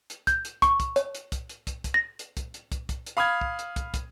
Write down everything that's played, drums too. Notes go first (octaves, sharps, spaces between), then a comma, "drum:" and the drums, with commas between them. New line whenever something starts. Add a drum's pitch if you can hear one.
drum: hi-hat
G6, drum: kick, hi-hat
drum: hi-hat
C#6, drum: kick, hi-hat
drum: kick, hi-hat
C#5, drum: hi-hat
drum: hi-hat
drum: kick, hi-hat
drum: hi-hat
drum: kick, hi-hat
drum: kick, hi-hat
A#6
drum: hi-hat
drum: kick, hi-hat
drum: hi-hat
drum: kick, hi-hat
drum: kick, hi-hat
drum: hi-hat
F5 B5 D#6 F6 G#6
drum: kick
drum: hi-hat
drum: kick, hi-hat
drum: kick, hi-hat